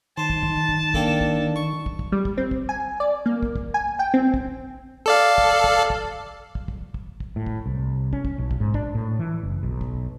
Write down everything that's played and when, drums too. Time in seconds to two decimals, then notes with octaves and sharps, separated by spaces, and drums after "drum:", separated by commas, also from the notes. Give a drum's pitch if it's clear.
0.17 D#3 C5 A5
0.30 drum: kick
0.43 drum: kick
0.69 drum: kick
0.94 A#3 D4 A4 G5, drum: kick
1.21 drum: kick
1.56 C#6
1.86 drum: kick
1.99 drum: kick
2.12 G3
2.25 drum: kick
2.38 C4
2.51 drum: kick
2.69 G#5
3.00 D5
3.26 A#3
3.43 drum: kick
3.56 drum: kick
3.74 G#5
3.99 G5
4.14 C4
4.34 drum: kick
5.06 A4 D5 F5
5.38 drum: kick
5.64 drum: kick
5.90 drum: kick
6.55 drum: kick
6.68 drum: kick
6.94 drum: kick
7.20 drum: kick
7.36 A2
7.46 drum: kick
7.66 C2
8.13 C#4, drum: kick
8.25 drum: kick
8.38 B1
8.51 drum: kick
8.60 G#2
8.74 D4, drum: kick
8.95 A2
9.19 E3
9.43 F#1
9.63 B1
9.81 drum: kick